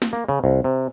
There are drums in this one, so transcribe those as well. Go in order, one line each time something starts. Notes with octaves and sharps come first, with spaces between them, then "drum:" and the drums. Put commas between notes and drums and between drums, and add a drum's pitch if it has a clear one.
drum: snare
A#3
C#3
C2
C3